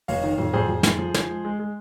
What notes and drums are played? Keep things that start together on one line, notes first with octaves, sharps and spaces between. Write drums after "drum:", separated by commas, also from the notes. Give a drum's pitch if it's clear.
F1 C#5 F5, drum: open hi-hat
D#3
F2
F2 G#4 C5
F2
F2, drum: snare
F3
F3, drum: snare
G#3
G#3
G#3